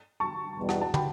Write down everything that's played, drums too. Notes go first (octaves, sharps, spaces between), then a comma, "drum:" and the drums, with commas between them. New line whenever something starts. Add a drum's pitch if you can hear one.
A5 C#6
E2 B2 G3
F#5 A5, drum: rim click
F#5 A5
G5 B5, drum: tom